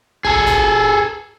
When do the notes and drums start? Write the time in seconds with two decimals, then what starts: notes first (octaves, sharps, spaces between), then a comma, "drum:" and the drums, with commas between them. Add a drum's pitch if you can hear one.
0.25 G#4 A4, drum: kick
0.46 drum: kick, hi-hat